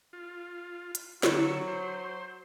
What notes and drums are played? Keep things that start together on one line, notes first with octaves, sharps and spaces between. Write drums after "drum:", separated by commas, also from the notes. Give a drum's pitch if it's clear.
F4
drum: hi-hat
D3 F#3 C#6 E6, drum: snare
C5